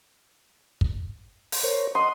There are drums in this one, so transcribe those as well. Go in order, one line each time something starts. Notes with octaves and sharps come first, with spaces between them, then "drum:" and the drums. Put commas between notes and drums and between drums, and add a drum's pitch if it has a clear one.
drum: kick
drum: open hi-hat
A#4 C5 C#5
D#5 F#5 C6 D#6